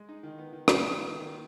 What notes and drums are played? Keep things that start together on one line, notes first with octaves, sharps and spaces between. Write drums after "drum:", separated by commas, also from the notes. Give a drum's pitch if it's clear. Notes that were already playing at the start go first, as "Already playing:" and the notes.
Already playing: G#3
D#4
D#3
B3
D#3
D#3, drum: rim click
B3
B3
D#3
A#3